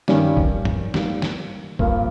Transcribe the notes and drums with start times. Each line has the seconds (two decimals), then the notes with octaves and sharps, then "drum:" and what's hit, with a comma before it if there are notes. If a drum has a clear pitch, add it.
0.08 G2 D#3 G3 C#4, drum: snare
0.37 drum: kick A#1
0.65 drum: tom G2
0.94 G#2 G3 A#3, drum: snare
1.22 drum: snare
1.79 G2 F3 A#3, drum: kick A#1